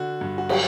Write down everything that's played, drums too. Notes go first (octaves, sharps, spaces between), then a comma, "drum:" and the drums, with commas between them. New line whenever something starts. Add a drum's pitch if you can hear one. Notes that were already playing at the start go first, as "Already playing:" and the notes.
Already playing: D3 F#4
G2
F#4
F#3 G4, drum: cymbal